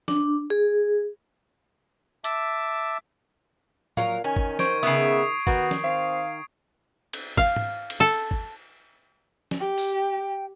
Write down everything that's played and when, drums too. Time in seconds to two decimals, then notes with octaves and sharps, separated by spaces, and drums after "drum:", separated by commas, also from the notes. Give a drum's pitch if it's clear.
0.08 D4, drum: snare
0.50 G#4
2.24 E5 A5 D6, drum: hi-hat
3.97 A#2 F#3 A#4 F5, drum: tom A2
4.24 D#3 C#4 G#5
4.36 drum: kick G1
4.59 C5 C#6 G#6 D7, drum: snare
4.83 C#3 B3 E5 D#6 C7
5.47 D#3 B3 F#4, drum: kick G1
5.71 drum: snare
5.84 C4 F5
7.13 drum: cymbal
7.37 F5, drum: kick G1
7.56 drum: tom
7.90 drum: cymbal
8.00 A4
8.31 drum: kick G1
9.51 drum: snare
9.60 G4 G5
9.78 drum: open hi-hat